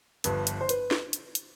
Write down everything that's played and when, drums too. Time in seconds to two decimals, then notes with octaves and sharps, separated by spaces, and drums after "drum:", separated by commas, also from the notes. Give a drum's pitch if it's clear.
0.24 G1 G2 F3 B4, drum: hi-hat
0.47 drum: hi-hat
0.61 C5
0.69 B4, drum: hi-hat
0.91 drum: snare
1.13 drum: hi-hat
1.35 drum: hi-hat